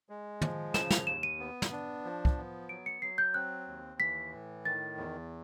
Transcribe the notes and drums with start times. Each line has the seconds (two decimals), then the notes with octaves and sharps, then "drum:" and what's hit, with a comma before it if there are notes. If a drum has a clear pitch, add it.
0.09 G#3
0.42 F3, drum: tom
0.74 C#3 E7, drum: snare
0.91 F7, drum: snare
1.07 D#2 E7
1.23 D#7
1.40 B3
1.62 drum: snare
1.72 D4
2.05 F3
2.25 drum: kick
2.37 B3
2.69 F#3 D7
2.86 C#7
3.02 F#3 C7
3.18 G6
3.34 C4 F#6
3.67 D#2
4.00 E3 B6
4.32 A2
4.65 D#3 A6
4.98 E2